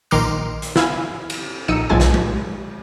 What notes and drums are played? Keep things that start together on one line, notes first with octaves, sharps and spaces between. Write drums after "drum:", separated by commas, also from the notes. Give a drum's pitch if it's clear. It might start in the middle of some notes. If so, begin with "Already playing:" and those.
A#1 D#3 A#5 C6 D6 F6, drum: tambourine
drum: hi-hat
E4 F5 G#5, drum: snare
drum: cymbal
A#1 D#4 E6 C#7 D#7
B1 A2 F3 G#3 G#5 A6
drum: snare
drum: tom G#3